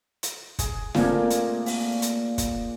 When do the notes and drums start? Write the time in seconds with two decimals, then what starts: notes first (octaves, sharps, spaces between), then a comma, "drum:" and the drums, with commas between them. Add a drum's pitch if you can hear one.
0.23 drum: hi-hat
0.59 G#4, drum: kick, hi-hat
0.94 A#2 A3 A#3 C4 F4, drum: snare
1.30 drum: hi-hat
1.66 drum: open hi-hat
2.02 drum: hi-hat
2.38 drum: kick, hi-hat